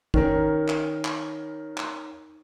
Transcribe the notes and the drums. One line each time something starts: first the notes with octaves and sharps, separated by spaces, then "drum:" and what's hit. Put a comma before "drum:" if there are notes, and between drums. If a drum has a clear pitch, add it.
D#3 C#4 A#4, drum: kick
drum: clap
drum: clap
drum: clap